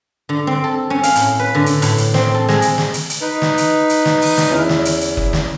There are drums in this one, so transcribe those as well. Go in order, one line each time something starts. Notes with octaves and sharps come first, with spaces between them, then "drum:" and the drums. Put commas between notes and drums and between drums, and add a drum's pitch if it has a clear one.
D3
C4
A4
C#4
F5, drum: hi-hat
A2, drum: hi-hat
B4
D3
drum: hi-hat
A2, drum: hi-hat
drum: hi-hat
C4, drum: snare
A4
G#3, drum: snare
drum: hi-hat
drum: snare
drum: hi-hat
drum: hi-hat
D#4 B4
drum: snare
drum: hi-hat
drum: hi-hat
drum: snare
drum: open hi-hat
drum: snare
E2 C#4 E4 F6
drum: snare
drum: hi-hat
drum: hi-hat
drum: kick F#1
drum: snare